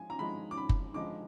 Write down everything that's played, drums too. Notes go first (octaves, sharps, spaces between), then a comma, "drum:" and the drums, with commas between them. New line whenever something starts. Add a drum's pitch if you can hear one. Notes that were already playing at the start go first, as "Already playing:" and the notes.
Already playing: F3 G#3 G#5
A#5
D3 F3 G#3 D#4 B5
D6
B5
drum: kick F#1
D3 F3 G#3 D#4 D6